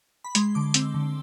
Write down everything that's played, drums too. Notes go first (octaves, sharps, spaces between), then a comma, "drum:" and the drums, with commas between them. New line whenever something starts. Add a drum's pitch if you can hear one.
B5
G#3 C6, drum: hi-hat
D3 D6
C4 E6, drum: hi-hat
D3